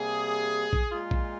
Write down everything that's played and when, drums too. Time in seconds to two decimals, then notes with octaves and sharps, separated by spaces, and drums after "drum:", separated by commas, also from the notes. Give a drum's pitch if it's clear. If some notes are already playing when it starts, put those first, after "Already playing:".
Already playing: C3 G3 A#3 G#4
0.73 drum: kick
0.92 A#2 G#3 F4
1.11 drum: kick